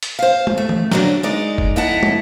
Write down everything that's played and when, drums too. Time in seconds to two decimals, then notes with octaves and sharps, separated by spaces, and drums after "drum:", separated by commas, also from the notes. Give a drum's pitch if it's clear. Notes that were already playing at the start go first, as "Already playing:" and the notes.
0.03 drum: hi-hat
0.19 C5 F5
0.47 drum: tom
0.58 A3
0.69 drum: tom E3
0.92 D3 F#3 D4 F#4 A#4, drum: snare
1.23 G#3 D#4 D5
1.58 drum: kick F1
1.76 F2 D#4 E4 D#5 F#5 A5
2.03 drum: tom